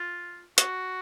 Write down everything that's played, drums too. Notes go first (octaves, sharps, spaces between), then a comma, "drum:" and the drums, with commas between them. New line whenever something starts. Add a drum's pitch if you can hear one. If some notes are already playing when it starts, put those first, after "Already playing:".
Already playing: F4
F#4, drum: hi-hat